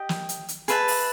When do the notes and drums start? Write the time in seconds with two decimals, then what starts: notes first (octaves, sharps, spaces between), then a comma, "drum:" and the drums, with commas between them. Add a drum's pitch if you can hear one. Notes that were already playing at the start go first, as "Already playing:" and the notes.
Already playing: G4 D#5
0.09 drum: snare
0.29 drum: hi-hat
0.48 drum: hi-hat
0.68 G#4 B4 E5 A5, drum: hi-hat
0.88 drum: open hi-hat